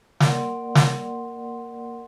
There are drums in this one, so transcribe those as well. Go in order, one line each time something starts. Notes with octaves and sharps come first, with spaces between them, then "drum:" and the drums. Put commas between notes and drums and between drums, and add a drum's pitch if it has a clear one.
A#3 A#4 D5 F#5 C6, drum: snare
drum: snare